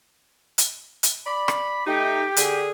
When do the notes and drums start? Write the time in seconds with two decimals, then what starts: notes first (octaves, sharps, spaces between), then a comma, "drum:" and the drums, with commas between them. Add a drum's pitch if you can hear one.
0.58 drum: hi-hat
1.03 drum: hi-hat
1.25 D5 B5
1.48 drum: rim click
1.86 A3 D#4 G4
2.36 D3 G#4, drum: hi-hat